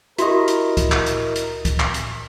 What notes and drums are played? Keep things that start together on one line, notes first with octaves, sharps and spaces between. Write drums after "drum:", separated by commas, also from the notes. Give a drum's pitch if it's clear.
E4 F#4 G4 A#4 D#5, drum: hi-hat
drum: hi-hat
drum: kick C#2, hi-hat
drum: clap
drum: hi-hat
drum: hi-hat
drum: kick C#2, hi-hat
drum: clap
drum: hi-hat